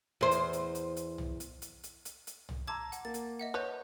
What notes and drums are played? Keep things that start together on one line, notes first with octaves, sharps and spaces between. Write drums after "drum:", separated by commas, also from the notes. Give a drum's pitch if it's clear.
E2 C5
drum: hi-hat
drum: hi-hat
drum: hi-hat
drum: hi-hat
drum: tom
drum: hi-hat
drum: hi-hat
drum: hi-hat
drum: hi-hat
drum: hi-hat
drum: tom
A5 A#5 C6 D6 E6 G#6
F#5, drum: hi-hat
A#3 A6
drum: hi-hat
D#5 E5 F#5
B4 C#5 G6